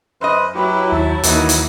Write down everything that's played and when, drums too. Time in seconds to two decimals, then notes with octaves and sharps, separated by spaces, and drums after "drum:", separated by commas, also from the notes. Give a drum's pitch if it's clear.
0.21 F#2 B4 C5 D#5
0.55 F#3 E4 G4 B4
0.92 D#2 E5 A5
1.23 D#2 D#3 E3 F#3 A#3 D#4 E4, drum: hi-hat
1.49 drum: hi-hat